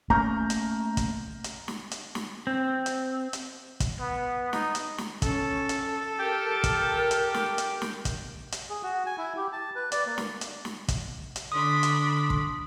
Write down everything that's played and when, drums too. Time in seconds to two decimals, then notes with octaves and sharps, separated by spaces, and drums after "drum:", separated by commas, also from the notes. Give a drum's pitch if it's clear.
0.10 A3 A#3 C#4 A#5 F6 G6
0.50 drum: hi-hat
0.97 drum: kick, hi-hat
1.44 drum: hi-hat
1.68 drum: snare
1.91 drum: hi-hat
2.15 drum: snare
2.47 C4
2.86 drum: hi-hat
3.33 drum: hi-hat
3.80 drum: kick, hi-hat
4.00 B3
4.53 D#4, drum: snare
4.75 drum: hi-hat
4.98 drum: snare
5.22 C#4 A4, drum: kick, hi-hat
5.69 drum: hi-hat
6.20 G4 A#4
6.64 drum: kick, hi-hat
7.11 drum: hi-hat
7.34 drum: snare
7.58 drum: hi-hat
7.82 drum: snare
8.05 drum: kick, hi-hat
8.52 drum: hi-hat
8.69 G#4
8.83 F#4
9.06 G#5
9.18 E4
9.37 G4
9.52 A5
9.75 B4
9.92 D5, drum: hi-hat
10.06 A#3
10.18 drum: snare
10.41 drum: hi-hat
10.65 drum: snare
10.88 drum: kick, hi-hat
11.36 drum: hi-hat
11.52 D3 D4 B5 C6 D6 D#6
11.83 drum: hi-hat
12.30 drum: kick